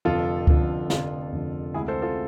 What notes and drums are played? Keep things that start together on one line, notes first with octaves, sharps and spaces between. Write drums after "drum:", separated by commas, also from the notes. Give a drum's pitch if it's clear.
F1 F2 D3 F3 F4 A4
F1 F2 D3 F3, drum: kick C#2
F1 F2 D3 F3 F4, drum: snare
F1 F2 D3 F3
D2 C3 G#3 E4 G#4
A4 C5
F4 A4